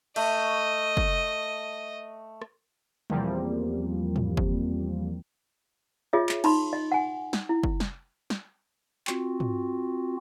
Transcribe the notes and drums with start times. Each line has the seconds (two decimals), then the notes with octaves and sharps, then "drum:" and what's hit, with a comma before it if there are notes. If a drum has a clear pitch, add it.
0.16 A3 D#5, drum: cymbal
0.97 drum: kick
2.42 drum: rim click
3.10 E2 F3 G3 A#3 C4, drum: tom
4.16 drum: tom
4.37 drum: kick
6.13 F4 G#4 C#5 D#5 E5
6.29 drum: clap
6.44 D#4 B5 C6, drum: cymbal
6.73 D#5
6.92 F#5 G#5
7.33 drum: snare
7.49 E4
7.63 drum: kick
7.80 drum: snare
8.30 drum: snare
9.07 C4 F4 F#4, drum: clap
9.40 drum: tom